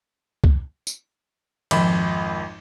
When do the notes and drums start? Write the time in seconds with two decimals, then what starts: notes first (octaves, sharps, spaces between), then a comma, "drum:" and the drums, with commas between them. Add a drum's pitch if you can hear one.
0.44 drum: kick
0.87 drum: tambourine
1.71 G#1 F2 B5, drum: cymbal